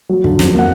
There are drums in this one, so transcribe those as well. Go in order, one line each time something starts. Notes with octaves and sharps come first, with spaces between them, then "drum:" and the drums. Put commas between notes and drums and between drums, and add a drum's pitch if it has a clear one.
F#3
D3, drum: kick
F2, drum: snare
A#3
F#5